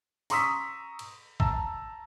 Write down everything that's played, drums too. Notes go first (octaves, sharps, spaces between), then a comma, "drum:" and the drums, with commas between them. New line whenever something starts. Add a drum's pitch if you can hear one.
A#5 C6 C#6 D#6 E6 B6, drum: open hi-hat
drum: cymbal
A5 A#5 E6, drum: kick A1